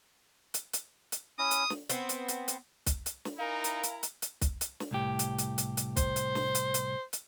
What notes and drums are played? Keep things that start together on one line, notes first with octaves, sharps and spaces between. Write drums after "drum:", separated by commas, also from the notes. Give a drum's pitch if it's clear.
drum: hi-hat
drum: hi-hat
drum: hi-hat
C#4 E4 D#6
drum: hi-hat
drum: snare
B3 C4, drum: hi-hat
drum: hi-hat
drum: hi-hat
drum: hi-hat
drum: kick, hi-hat
drum: hi-hat
drum: snare
D#4 E4 A#4 F5 G#5 A#5
drum: hi-hat
drum: hi-hat
drum: hi-hat
drum: hi-hat
drum: kick, hi-hat
drum: hi-hat
drum: snare
C2 A2 G4
drum: hi-hat
drum: hi-hat
drum: hi-hat
drum: hi-hat
C5, drum: kick, hi-hat
drum: hi-hat
drum: snare
drum: hi-hat
drum: hi-hat
drum: hi-hat